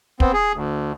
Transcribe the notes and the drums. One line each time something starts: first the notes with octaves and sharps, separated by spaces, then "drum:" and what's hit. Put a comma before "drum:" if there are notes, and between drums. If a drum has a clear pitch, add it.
B3 C4, drum: kick
G#4
D2